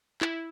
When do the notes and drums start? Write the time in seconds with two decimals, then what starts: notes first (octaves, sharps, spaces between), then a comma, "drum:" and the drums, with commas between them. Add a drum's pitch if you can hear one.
0.21 E4, drum: clap